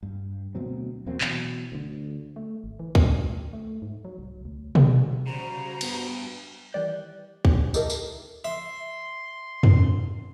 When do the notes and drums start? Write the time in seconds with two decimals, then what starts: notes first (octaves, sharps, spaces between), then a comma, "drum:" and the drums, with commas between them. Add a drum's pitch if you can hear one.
0.03 G2
0.55 D2 B2 F#3 C4
1.06 E2 F#3 A#3 C4
1.21 B2 E3 F#3, drum: clap
1.72 D2 D3
2.36 A3
2.64 G#1
2.79 E3
2.95 C4, drum: kick
3.16 D2
3.53 A3
3.82 G#2
4.05 F#3
4.19 C2
4.45 D2
4.75 G1, drum: tom B2
5.26 C#3 G3 F#4 C5 A#5
5.81 G2 B3, drum: cymbal
6.73 D#3 E3 G3 D5 F#6 G6
7.45 drum: kick
7.74 D#4 E4 G4 A4 A#4, drum: tambourine
7.90 drum: tambourine
8.44 E5 C6
9.63 drum: tom F2